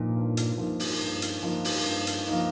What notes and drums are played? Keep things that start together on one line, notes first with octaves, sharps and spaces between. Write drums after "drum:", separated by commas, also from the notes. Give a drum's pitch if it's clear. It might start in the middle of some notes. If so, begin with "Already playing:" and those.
Already playing: G2 A#2 F3 A#3 D#4
G2
drum: hi-hat
F3 A#3 D#4
drum: open hi-hat
G2
drum: hi-hat
F3 A#3 D#4
drum: open hi-hat
G2
drum: hi-hat
F3 A#3 D#4